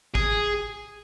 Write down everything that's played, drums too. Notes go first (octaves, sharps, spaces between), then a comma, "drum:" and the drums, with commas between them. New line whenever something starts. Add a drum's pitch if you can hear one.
G#4, drum: kick G#1